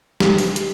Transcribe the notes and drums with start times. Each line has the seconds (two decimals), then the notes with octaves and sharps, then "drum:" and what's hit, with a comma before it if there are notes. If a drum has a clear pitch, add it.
0.20 G4, drum: snare
0.38 drum: open hi-hat
0.56 drum: hi-hat